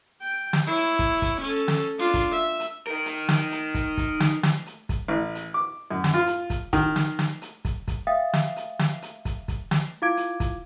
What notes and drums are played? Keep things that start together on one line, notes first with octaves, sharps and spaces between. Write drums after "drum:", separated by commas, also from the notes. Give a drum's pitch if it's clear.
G5
drum: snare
E4 C#5
drum: hi-hat
drum: kick, hi-hat
drum: kick, hi-hat
C#4 A4
drum: snare
D4 F4
drum: kick, hi-hat
E5
drum: hi-hat
D#4 A#4
drum: hi-hat
drum: snare
drum: hi-hat
drum: kick, hi-hat
drum: kick, hi-hat
drum: snare
drum: snare
drum: hi-hat
drum: kick, hi-hat
A1
drum: hi-hat
D6
F#2
drum: snare
F4
drum: hi-hat
drum: kick, hi-hat
D#3, drum: kick, hi-hat
drum: snare
drum: snare
drum: hi-hat
drum: kick, hi-hat
drum: kick, hi-hat
E5 F5 G5 D#6 A6
drum: snare
drum: hi-hat
drum: snare
drum: hi-hat
drum: kick, hi-hat
drum: kick, hi-hat
drum: snare
E4 F4 F5 D6 G#6 D7
drum: hi-hat
drum: kick, hi-hat